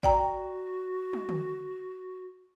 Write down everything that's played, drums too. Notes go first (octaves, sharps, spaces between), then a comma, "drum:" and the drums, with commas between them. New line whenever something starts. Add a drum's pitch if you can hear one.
F#4 D5 G5 A#5, drum: kick
drum: tom
drum: tom D3